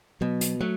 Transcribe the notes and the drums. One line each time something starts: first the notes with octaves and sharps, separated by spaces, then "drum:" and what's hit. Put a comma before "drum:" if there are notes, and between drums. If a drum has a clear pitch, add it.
B2 F#3
drum: hi-hat
F#3 A3